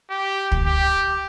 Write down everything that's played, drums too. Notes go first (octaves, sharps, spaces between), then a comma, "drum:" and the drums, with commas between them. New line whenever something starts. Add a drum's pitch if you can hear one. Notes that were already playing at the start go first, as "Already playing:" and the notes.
G4
drum: kick
G4